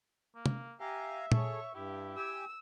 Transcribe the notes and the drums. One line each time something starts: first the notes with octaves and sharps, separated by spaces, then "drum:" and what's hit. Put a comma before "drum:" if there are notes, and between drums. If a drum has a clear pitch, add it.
A#3
drum: tom
G4 E5 F5 G#5 A#5
G#4 A4 C#5 C#6, drum: tom A#2
G2 E4 G4
G4 G5 G#5 E6